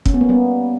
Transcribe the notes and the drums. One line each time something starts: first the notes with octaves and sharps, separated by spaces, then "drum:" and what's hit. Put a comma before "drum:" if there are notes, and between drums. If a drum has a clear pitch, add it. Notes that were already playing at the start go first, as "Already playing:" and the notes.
C#4, drum: kick
B3
A#3
G3 B3